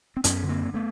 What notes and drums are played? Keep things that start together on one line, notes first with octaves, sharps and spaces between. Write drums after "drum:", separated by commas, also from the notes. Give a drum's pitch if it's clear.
C4
F#2 B3 C#4, drum: hi-hat
D3
A#3 C4
D3
A3 B3